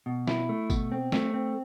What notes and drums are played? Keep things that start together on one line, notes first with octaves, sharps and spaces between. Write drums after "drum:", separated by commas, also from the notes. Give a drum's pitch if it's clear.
B2
E4, drum: snare
A3
B2, drum: kick G#1, tambourine
C4
A3, drum: snare
C4